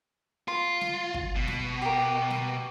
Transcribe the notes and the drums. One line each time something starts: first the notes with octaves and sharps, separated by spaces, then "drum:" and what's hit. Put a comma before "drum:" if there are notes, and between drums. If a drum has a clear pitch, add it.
F4 C6
drum: snare
drum: kick
B2
drum: snare
G4 A#4
drum: snare